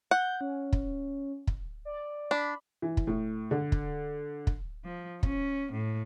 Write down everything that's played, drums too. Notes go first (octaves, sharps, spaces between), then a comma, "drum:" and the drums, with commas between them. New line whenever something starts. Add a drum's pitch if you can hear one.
F#5 G6
C#4
drum: kick
drum: kick
D5
D4 B5
E3
drum: kick
A2
D3
drum: kick
drum: kick
F3
C#4, drum: kick
A2